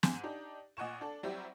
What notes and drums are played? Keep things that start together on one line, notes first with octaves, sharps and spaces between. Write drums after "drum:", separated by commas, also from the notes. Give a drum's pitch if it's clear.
G#2 G#5 E7, drum: snare
D4 D#4 G4
A#2 D#5 F#5 G#5 C#6 E7
D4 A4
F#3 G3 C4 E4 G4